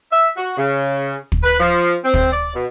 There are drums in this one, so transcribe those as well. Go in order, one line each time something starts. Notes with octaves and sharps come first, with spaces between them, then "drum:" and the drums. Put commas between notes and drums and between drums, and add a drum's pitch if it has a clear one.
E5
F#4
C#3
drum: kick
B4
F3
C4
drum: kick
D5
B2